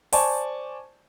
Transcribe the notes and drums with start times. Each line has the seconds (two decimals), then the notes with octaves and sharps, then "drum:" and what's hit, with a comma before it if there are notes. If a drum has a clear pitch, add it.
0.12 C5 D5 G#5 A5 C#6, drum: open hi-hat